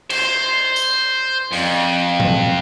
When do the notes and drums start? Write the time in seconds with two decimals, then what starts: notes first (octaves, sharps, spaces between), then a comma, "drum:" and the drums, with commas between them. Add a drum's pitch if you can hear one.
0.10 C5, drum: cymbal
0.76 drum: tambourine
1.53 F2, drum: open hi-hat
2.20 drum: tom